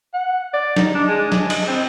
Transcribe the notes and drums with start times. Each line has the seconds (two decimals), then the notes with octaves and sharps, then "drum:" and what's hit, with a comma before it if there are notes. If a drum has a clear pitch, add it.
0.14 F#5
0.54 D5
0.76 D#4, drum: snare
0.95 D4
1.09 G#3
1.32 D4, drum: snare
1.50 D#5, drum: cymbal
1.68 C4